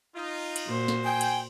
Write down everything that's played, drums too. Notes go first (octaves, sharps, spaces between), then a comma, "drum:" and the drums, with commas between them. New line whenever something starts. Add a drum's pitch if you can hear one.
D#4 F4
drum: cymbal
A#2 F#4 C5
drum: snare
G5 G#5
drum: cymbal